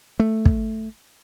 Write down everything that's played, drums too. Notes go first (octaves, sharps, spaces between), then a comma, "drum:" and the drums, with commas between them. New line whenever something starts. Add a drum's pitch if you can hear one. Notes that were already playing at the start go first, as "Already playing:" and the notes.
A3
drum: kick